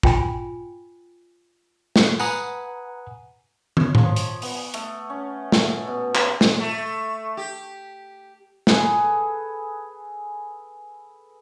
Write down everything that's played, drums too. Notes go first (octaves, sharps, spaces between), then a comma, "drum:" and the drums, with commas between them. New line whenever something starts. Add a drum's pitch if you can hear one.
F4 G5 G#5 B5, drum: kick
drum: snare
B4 F#5 G#5 A#5 D#6, drum: tambourine
C#5, drum: tom
F3, drum: tom G#2
drum: hi-hat
B3, drum: open hi-hat
A3, drum: hi-hat
C#4
A3, drum: snare
B2
F#3, drum: clap
drum: snare
A3
G4
G#4 A4 B4, drum: snare